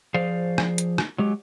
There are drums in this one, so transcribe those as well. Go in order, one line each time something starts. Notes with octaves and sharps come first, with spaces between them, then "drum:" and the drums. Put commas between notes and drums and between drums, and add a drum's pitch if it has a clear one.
F3 G#4 C5 D5 F5
drum: rim click
drum: hi-hat
drum: rim click
F#3 G#3 G4